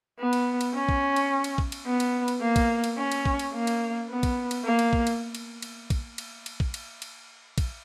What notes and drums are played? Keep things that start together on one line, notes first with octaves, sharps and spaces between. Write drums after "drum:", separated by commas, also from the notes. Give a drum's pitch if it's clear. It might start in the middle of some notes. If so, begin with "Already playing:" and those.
B3
drum: cymbal
drum: cymbal
C#4
drum: kick
drum: cymbal
drum: cymbal
drum: kick
drum: cymbal
B3
drum: cymbal
drum: cymbal
A#3
drum: kick, cymbal
drum: cymbal
C#4
drum: cymbal
drum: kick
drum: cymbal
A#3
drum: cymbal
B3
drum: kick, cymbal
drum: cymbal
A#3
drum: cymbal
drum: kick
drum: cymbal
drum: cymbal
drum: cymbal
drum: kick, cymbal
drum: cymbal
drum: cymbal
drum: kick
drum: cymbal
drum: cymbal
drum: kick, cymbal